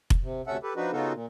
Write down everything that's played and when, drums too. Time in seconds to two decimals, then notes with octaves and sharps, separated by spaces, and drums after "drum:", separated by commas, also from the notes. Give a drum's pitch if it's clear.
0.10 drum: kick F1
0.23 C3
0.47 D2 C3 C#4 A4 E5 F#5
0.63 G4 A4 B4
0.76 F3 D4 D#4 F#4 B4
0.92 C#3 B3 D#4 F4 F#4 A4
1.13 A#2